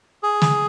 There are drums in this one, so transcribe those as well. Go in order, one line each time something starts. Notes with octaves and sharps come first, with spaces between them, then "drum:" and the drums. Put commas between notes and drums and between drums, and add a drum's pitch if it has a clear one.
G#4
drum: snare